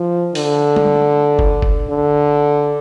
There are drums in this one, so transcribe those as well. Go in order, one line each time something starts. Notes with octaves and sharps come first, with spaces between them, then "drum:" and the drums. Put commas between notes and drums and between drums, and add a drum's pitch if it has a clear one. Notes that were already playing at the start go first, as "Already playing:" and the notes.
Already playing: F3
D3, drum: open hi-hat
drum: tom G3
drum: kick F#1
drum: kick F#1
D3